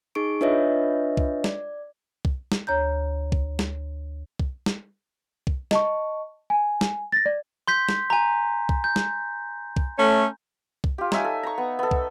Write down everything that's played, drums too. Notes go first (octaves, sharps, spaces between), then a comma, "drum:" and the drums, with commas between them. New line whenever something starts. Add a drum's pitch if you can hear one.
D#4 G#4 C#6 D7
D4 F4 B4 C#5 D#5 E5
drum: kick
D5, drum: snare
drum: kick
drum: snare
D2 C#5 A#5 G6
drum: kick
drum: snare
drum: kick
drum: snare
drum: kick
D#5 A5 C#6, drum: snare
G#5
drum: snare
A6 A#6
D5
C6 G6 B6
drum: snare
G#5 A#5
drum: kick
G6
drum: snare
drum: kick
A3 C#4
drum: kick
F4 G4
D#4 C#5 E5 G#5, drum: snare
A4
A#5 C#6
B3
B3 A4
drum: kick